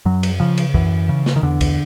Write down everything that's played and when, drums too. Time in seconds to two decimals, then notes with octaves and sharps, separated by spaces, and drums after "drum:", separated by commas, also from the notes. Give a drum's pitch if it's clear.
0.05 F#2 F#3
0.23 drum: cymbal
0.40 C#3 F3
0.58 drum: cymbal
0.74 F#2 E3, drum: kick
1.09 C#3
1.26 drum: snare
1.36 D#3
1.43 E2 D3
1.61 drum: kick, cymbal